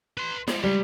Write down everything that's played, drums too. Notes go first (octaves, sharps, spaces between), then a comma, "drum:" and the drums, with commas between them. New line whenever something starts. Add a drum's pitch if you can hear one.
B4 C6
G3 G#3, drum: snare
G3 G#3 C#5